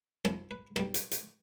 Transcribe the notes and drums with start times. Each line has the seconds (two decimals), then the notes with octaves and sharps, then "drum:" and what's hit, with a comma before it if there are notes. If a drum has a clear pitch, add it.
0.25 C2 C3 F3 A4, drum: rim click
0.51 B4
0.76 B1 B2 G3, drum: rim click
0.94 drum: hi-hat
1.11 drum: hi-hat